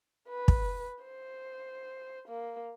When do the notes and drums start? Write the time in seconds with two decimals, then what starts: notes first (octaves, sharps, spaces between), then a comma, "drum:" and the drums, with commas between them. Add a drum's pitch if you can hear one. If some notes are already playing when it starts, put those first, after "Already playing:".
0.29 B4
0.48 drum: kick
1.04 C5
2.28 A#3